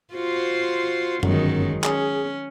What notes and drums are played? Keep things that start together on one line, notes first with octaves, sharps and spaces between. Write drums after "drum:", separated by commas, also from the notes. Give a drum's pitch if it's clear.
F4 F#4 C5
G1 F#2 D#3 F#3 G#3, drum: tom F#2
C#4 G#4, drum: clap